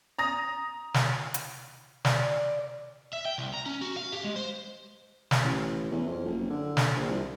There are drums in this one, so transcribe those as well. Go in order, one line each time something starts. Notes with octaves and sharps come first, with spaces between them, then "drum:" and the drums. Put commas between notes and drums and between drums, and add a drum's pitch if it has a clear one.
A#5 D#6 A#6
drum: snare
drum: hi-hat
D5, drum: snare
E5
G5
C2
A#5
C#4
F#4
F5
G4
G#3
C5
drum: snare
A1
E2
F2
F#1
D3
drum: snare
A#1
C2